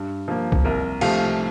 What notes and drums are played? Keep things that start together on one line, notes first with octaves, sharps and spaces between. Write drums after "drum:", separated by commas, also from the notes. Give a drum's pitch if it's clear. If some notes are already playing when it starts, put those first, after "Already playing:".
Already playing: G2
F3 A#3
drum: kick
C2 A#4
C3 F3 A3 F5, drum: cymbal